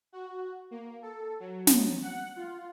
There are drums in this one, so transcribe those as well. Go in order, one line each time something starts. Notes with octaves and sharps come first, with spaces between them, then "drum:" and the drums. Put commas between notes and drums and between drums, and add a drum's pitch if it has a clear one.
F#4
A#3
A4
F#3
drum: snare
F#5
F4